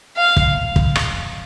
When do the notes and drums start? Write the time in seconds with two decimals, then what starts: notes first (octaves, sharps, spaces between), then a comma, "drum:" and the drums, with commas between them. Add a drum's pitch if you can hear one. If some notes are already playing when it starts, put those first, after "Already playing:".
0.17 F5
0.37 drum: kick
0.76 drum: kick
0.95 drum: rim click